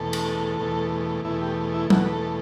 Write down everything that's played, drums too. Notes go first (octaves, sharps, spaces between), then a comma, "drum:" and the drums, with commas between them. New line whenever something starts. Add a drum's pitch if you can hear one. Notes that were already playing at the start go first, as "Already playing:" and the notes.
Already playing: E2 B2 A3 A4
drum: cymbal
E2 B2 A3
E2 B2 A3 E4
G4
E4
E2 B2 A3 F#4, drum: tom F#3
B4
A4